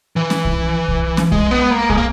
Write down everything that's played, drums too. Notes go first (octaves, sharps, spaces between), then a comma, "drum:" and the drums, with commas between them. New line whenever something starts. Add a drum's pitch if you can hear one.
E3
drum: snare C#4
drum: kick
drum: kick
drum: snare C#4
G#3, drum: kick
B3
A#3
G#3, drum: kick
A#3